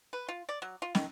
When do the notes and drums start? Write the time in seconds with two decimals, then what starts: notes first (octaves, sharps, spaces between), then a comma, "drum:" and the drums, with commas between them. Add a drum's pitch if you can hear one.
0.13 B4
0.29 F4
0.49 D5
0.62 F#3
0.82 F4
0.95 D#3, drum: snare